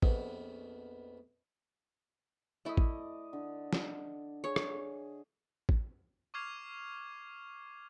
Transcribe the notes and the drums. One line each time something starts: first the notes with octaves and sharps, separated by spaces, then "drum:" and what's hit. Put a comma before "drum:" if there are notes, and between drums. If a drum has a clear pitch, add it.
A#1 F2 B2 B3, drum: kick A1
A3 E4 D5 D#5
drum: kick A1
D3
drum: snare
G#4 C#5
drum: rim click
drum: kick A1
C#6 D6 F6 G#6 C7 F7